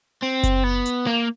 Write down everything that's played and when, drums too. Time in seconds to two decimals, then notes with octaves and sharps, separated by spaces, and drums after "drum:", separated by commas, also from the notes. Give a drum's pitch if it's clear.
0.23 C4
0.43 drum: kick F#1, hi-hat
0.64 B3
0.86 drum: hi-hat
1.07 A#3